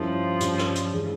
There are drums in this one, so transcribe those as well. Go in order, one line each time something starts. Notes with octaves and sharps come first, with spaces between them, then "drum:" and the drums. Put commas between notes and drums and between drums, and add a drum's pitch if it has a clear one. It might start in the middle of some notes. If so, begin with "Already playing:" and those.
Already playing: G2 F3 G3 C#4 E4 A#4
G2 G3 C#4, drum: hi-hat
drum: rim click
drum: hi-hat
C#3 E3 G#3